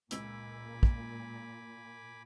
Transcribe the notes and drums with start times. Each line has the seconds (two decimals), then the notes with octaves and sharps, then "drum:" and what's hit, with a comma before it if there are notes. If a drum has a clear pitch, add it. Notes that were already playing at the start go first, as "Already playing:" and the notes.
0.11 C#2 A#2 G#5 B5 D6 E6, drum: hi-hat
0.83 drum: kick